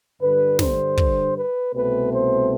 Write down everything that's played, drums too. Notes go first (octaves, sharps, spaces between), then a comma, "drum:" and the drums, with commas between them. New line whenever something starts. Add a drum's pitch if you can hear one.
G2 D3 G3 B4
C5, drum: snare
drum: kick
B4
C2 B2 A3 C4 B4
C5